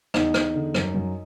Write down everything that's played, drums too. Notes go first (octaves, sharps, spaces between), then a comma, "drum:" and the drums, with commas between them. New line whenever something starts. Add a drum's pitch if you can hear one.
E2 D#4, drum: rim click
E2, drum: rim click
D3
F#2, drum: rim click
F#2